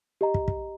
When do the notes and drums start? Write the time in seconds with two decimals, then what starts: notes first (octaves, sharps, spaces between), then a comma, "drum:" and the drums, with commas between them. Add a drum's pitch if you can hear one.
0.21 G4 D#5 A#5
0.34 drum: kick
0.48 drum: kick